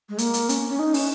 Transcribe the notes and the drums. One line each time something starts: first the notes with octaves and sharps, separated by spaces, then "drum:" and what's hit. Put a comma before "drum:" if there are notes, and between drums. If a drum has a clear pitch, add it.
G#3
A#3, drum: hi-hat
drum: hi-hat
C#4, drum: hi-hat
C#4
D#4
C#4, drum: open hi-hat